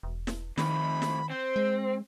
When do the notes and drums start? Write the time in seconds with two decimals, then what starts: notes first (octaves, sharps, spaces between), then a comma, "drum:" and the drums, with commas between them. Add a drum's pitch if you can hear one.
0.03 E1
0.27 drum: snare
0.58 F2 C3 D#3 B5, drum: snare
1.02 drum: snare
1.30 C4 C5
1.56 G#3